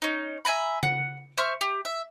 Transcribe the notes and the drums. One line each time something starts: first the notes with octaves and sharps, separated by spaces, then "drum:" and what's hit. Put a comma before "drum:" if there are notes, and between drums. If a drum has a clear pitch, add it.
C#4 D#4
E5 G#5 A#5 B5
F#5, drum: tom C#3
C5 E5 C#6 F6
G4
E5